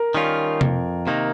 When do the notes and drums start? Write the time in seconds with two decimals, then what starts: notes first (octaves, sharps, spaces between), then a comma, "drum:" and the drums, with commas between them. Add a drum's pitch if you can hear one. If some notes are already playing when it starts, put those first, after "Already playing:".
Already playing: A#4
0.15 D#3 G3 C#4 F4
0.61 F2, drum: tom C3
1.07 C3 D#3 A#3 D#4